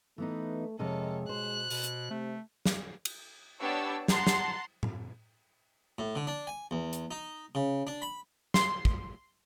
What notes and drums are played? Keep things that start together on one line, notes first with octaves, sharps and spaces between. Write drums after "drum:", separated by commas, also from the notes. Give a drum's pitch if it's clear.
E3 A3 B3 D#4
F2 C3 G#3 A4 A#4 C#5 D#5
B2 C5 F#6
B2, drum: open hi-hat
drum: hi-hat
C3 A3
drum: snare
drum: cymbal
B3 D4 G4 C#5 A5 E6
F#5 A5 A#5 C6, drum: snare
drum: snare
drum: tom A2
A2
D3
D4
G#5
E2
drum: hi-hat
D#4
C#3
D4
B5
C6, drum: snare
drum: kick